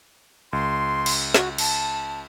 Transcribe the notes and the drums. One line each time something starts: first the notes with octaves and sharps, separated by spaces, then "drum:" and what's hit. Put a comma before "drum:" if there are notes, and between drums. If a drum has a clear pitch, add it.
C#2 C6
drum: cymbal
F#4, drum: snare
A5, drum: cymbal